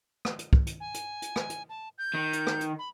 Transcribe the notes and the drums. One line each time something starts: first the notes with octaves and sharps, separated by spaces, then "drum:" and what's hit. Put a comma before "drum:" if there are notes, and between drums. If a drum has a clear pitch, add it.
drum: rim click
drum: hi-hat
drum: kick
drum: hi-hat
G#5
drum: hi-hat
drum: hi-hat
drum: rim click
drum: hi-hat
A5
G6
D#3
drum: hi-hat
drum: rim click
drum: hi-hat
B5